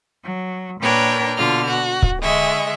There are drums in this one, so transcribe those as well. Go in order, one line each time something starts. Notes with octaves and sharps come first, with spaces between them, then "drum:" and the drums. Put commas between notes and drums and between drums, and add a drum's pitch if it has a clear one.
F#3
A#2 D4 A#4 B4 C#5 G5
B2 D3 F4 F6
F#4
drum: kick C#1
D3 G#3 D#5 E5 C#6